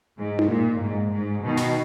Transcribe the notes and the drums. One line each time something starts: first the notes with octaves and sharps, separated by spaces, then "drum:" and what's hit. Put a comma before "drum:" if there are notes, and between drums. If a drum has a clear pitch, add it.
G#2
drum: tom D#4
A#2
G#2
G#2
B2 D#3
drum: snare